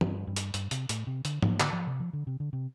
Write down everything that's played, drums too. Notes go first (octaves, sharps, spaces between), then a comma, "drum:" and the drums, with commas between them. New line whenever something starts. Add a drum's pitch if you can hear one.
G2, drum: tom E3
G2
drum: hi-hat
G2, drum: hi-hat
C3, drum: hi-hat
A2, drum: hi-hat
C3
D3, drum: hi-hat
F3, drum: tom G#2
D3, drum: clap
F3
C3
F3
D3
C3
D3
C3